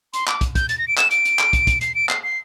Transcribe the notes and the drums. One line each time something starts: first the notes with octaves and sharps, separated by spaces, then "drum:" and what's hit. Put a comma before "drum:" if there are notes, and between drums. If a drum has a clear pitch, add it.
C6, drum: hi-hat
D6, drum: clap
drum: kick, hi-hat
G6, drum: kick, hi-hat
A6, drum: hi-hat
A#6
D7
E7, drum: clap
D7, drum: hi-hat
drum: hi-hat
drum: clap
drum: kick, hi-hat
drum: kick, hi-hat
C7, drum: hi-hat
D7
C7, drum: clap
C7